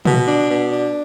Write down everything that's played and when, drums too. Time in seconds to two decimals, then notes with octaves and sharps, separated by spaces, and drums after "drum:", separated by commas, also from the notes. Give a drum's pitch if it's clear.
0.05 B2, drum: tom
0.27 D4
0.49 B2
0.71 D4